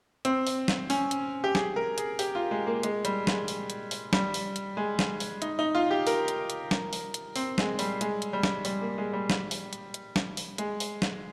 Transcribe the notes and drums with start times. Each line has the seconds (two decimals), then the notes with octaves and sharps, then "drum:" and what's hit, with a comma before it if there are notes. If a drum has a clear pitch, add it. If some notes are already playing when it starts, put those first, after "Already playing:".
0.25 C4, drum: hi-hat
0.47 drum: open hi-hat
0.68 drum: snare
0.90 C#4, drum: open hi-hat
1.11 drum: hi-hat
1.44 G4
1.55 G#4, drum: snare
1.76 A#4
1.98 G#4, drum: hi-hat
2.19 G4, drum: open hi-hat
2.35 F4
2.51 G#3
2.67 A#3
2.83 G#3, drum: hi-hat
3.05 G3, drum: hi-hat
3.27 G#3, drum: snare
3.48 drum: open hi-hat
3.70 drum: hi-hat
3.91 drum: open hi-hat
4.13 G3, drum: snare
4.34 drum: open hi-hat
4.56 drum: hi-hat
4.77 G#3
4.99 drum: snare
5.20 drum: open hi-hat
5.42 D#4, drum: hi-hat
5.59 D#4
5.75 F4
5.91 G4
6.07 A#4, drum: open hi-hat
6.28 drum: hi-hat
6.50 drum: hi-hat
6.71 drum: snare
6.93 drum: open hi-hat
7.14 drum: hi-hat
7.36 C4, drum: open hi-hat
7.58 G#3, drum: snare
7.79 G3, drum: open hi-hat
8.01 G#3, drum: hi-hat
8.22 drum: hi-hat
8.33 G3
8.43 drum: snare
8.65 G3, drum: open hi-hat
8.81 A#3
8.98 G#3
9.13 G3
9.30 drum: snare
9.51 drum: open hi-hat
9.73 drum: hi-hat
9.94 drum: hi-hat
10.16 drum: snare
10.37 drum: open hi-hat
10.58 G#3, drum: hi-hat
10.80 drum: open hi-hat
11.02 drum: snare